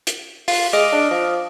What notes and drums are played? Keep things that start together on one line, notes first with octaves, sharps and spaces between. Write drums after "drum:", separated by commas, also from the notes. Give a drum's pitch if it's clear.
drum: hi-hat
F4, drum: open hi-hat
G#3 D#5 D6 F6
D4
F3